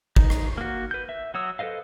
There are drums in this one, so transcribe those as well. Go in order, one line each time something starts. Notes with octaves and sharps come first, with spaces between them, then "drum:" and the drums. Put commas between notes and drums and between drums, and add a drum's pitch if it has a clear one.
D#4, drum: kick
drum: rim click
A#3 F#4
B4 G6
E5
F#3 F#4 C#5 D#6 E6
A4 B4 C5 D#5 F5